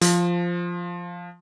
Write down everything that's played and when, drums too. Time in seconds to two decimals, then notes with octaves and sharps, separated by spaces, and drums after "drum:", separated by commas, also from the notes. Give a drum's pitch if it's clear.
0.01 F3, drum: hi-hat